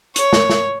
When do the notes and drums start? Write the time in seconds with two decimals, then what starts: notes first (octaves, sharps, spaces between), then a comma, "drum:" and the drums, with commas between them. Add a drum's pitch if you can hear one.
0.16 C#5, drum: hi-hat
0.33 drum: snare
0.50 drum: snare